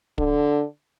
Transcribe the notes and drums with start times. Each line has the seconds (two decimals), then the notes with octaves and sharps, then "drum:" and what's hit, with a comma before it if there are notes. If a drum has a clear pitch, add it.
0.18 D3, drum: kick